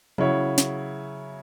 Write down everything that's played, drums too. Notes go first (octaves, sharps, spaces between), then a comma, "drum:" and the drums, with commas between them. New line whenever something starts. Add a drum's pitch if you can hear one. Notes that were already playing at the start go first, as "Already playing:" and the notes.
C#3 F#3 E4 C#5, drum: tom F3
drum: snare